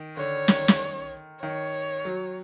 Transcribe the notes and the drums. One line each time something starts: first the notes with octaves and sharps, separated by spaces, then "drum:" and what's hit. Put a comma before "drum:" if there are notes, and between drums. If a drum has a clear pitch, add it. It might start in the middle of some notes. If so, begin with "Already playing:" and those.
Already playing: D#3
D3 C#5
D#3, drum: snare
drum: snare
D#3 C#5
F#3